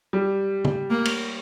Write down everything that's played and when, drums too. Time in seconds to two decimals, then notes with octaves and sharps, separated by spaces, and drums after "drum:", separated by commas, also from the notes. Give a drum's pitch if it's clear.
0.13 G3
0.65 drum: tom
0.90 A#3
1.05 drum: cymbal